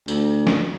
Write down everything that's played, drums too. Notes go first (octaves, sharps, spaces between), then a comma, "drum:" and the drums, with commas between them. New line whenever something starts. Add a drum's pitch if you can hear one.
D2, drum: tambourine
drum: snare